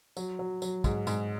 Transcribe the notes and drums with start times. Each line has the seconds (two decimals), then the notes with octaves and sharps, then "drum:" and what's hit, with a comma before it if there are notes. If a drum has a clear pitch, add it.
0.17 F#3, drum: tambourine
0.39 F#3
0.62 F#3, drum: tambourine
0.84 G#2, drum: kick, tambourine
1.07 G#2, drum: tambourine